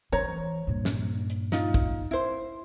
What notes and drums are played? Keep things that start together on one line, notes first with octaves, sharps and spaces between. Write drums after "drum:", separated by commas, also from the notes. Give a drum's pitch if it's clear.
E3 C5 C#5 A#5
G2 A#2
drum: snare
drum: hi-hat
D#4 F4, drum: snare
drum: kick, hi-hat
E4 C5